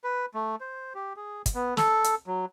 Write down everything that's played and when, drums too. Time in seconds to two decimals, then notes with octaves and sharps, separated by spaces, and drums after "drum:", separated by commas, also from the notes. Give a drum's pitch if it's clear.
0.04 B4
0.34 A3
0.60 C5
0.95 G4
1.16 G#4
1.46 drum: kick, hi-hat
1.55 B3
1.77 A4, drum: snare
2.04 drum: hi-hat
2.27 F#3